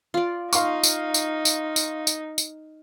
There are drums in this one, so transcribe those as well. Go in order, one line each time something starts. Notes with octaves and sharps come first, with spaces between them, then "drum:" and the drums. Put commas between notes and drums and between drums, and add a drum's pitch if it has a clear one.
F4 D5
D#4 F5 C6 C#6, drum: tambourine
drum: tambourine
drum: tambourine
drum: tambourine
drum: tambourine
drum: tambourine
drum: tambourine